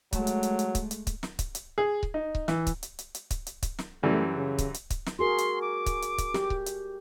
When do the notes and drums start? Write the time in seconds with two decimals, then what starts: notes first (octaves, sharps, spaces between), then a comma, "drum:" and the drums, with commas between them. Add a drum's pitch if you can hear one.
0.13 F#3 G#3 A3, drum: kick C#1, hi-hat
0.27 drum: hi-hat
0.43 drum: hi-hat
0.59 drum: hi-hat
0.75 drum: kick C#1, hi-hat
0.91 drum: hi-hat
1.07 drum: kick C#1, hi-hat
1.23 drum: snare
1.39 drum: kick C#1, hi-hat
1.55 drum: hi-hat
1.78 G#4
2.03 drum: kick C#1
2.14 D#4
2.35 drum: kick C#1
2.48 E3, drum: snare
2.67 drum: kick C#1, hi-hat
2.83 drum: hi-hat
2.99 drum: hi-hat
3.15 drum: hi-hat
3.31 drum: kick C#1, hi-hat
3.47 drum: hi-hat
3.63 drum: kick C#1, hi-hat
3.79 drum: snare
4.03 F#2 E3 G3 A3
4.35 C#3
4.58 drum: kick C#1, hi-hat
4.74 drum: hi-hat
4.90 drum: kick C#1, hi-hat
5.06 drum: snare
5.19 F#4 G#4 A#4 C6
5.38 drum: hi-hat
5.62 D6
5.86 drum: kick C#1, hi-hat
6.02 drum: hi-hat
6.18 drum: kick C#1, hi-hat
6.34 G4, drum: snare
6.50 drum: kick C#1
6.66 drum: hi-hat